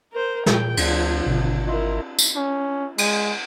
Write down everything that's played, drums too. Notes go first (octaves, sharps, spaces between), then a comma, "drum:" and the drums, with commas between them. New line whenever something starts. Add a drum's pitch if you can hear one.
A#4 C5
A#2 G#4 G5, drum: snare
D2 F3, drum: cymbal
G#1 B2 D3
E4 F4 A#4 D#5 C6
drum: tambourine
C#4
G#3, drum: cymbal